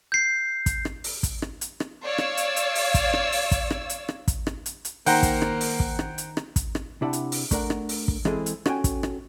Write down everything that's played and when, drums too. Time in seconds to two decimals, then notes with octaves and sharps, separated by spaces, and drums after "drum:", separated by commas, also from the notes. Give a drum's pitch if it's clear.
0.12 G6 C7
0.66 drum: kick, hi-hat
0.85 drum: rim click
1.04 drum: open hi-hat
1.23 drum: kick, hi-hat
1.42 drum: rim click
1.61 drum: hi-hat
1.80 drum: rim click
2.04 C#5 D5 F5 E6
2.18 drum: rim click
2.37 drum: hi-hat
2.56 drum: hi-hat
2.75 drum: open hi-hat
2.94 drum: kick, hi-hat
3.13 drum: rim click
3.32 drum: open hi-hat
3.51 drum: kick, hi-hat
3.71 drum: rim click
3.90 drum: hi-hat
4.09 drum: rim click
4.28 drum: kick, hi-hat
4.47 drum: rim click
4.66 drum: hi-hat
4.85 drum: hi-hat
5.06 D#3 A#3 C5 F#5 G5 A#5, drum: open hi-hat
5.23 drum: kick, hi-hat
5.42 drum: rim click
5.61 drum: open hi-hat
5.80 drum: kick
5.99 drum: rim click
6.18 drum: hi-hat
6.37 drum: rim click
6.56 drum: kick, hi-hat
6.75 drum: rim click
7.02 C3 D4 E4 F#5 A5
7.13 drum: hi-hat
7.32 drum: open hi-hat
7.51 A3 D4 A#4 F#5, drum: kick, hi-hat
7.70 drum: rim click
7.89 drum: open hi-hat
8.08 drum: kick
8.25 E3 G#3 C4 E4 G#4 A4, drum: rim click
8.46 drum: hi-hat
8.66 C#4 F#4 A4 D5 G5 G#5, drum: rim click
8.84 drum: kick, hi-hat
9.03 drum: rim click